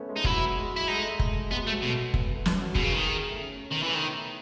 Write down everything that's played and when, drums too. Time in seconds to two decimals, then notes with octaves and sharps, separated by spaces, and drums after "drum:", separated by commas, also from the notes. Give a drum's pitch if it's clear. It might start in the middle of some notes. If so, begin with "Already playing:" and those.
Already playing: A3 B3 C#4
0.09 G#3
0.16 D#4
0.24 F#3 E4, drum: kick
0.56 G#3
0.72 F#3 E4
0.88 G#3 D#4
0.97 A3
1.04 G#3
1.19 drum: kick
1.51 G#3 B3
1.62 F#3
1.67 A3
1.72 G#3
1.82 B2 A3
2.14 B3, drum: kick
2.28 A3
2.37 B3
2.46 C#4, drum: snare
2.62 F#4
2.75 B2 G#4, drum: kick
2.84 C#3
2.93 D#3
3.09 G#4
3.19 G#4
3.30 A3
3.41 C#4
3.56 C#4
3.72 D#3 B3
3.83 E3 A3
3.95 D#3